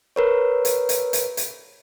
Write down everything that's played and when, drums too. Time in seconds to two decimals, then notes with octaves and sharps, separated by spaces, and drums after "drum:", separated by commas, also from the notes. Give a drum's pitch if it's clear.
0.16 A#4 B4 C#5
0.65 drum: hi-hat
0.89 drum: hi-hat
1.13 drum: hi-hat
1.37 drum: hi-hat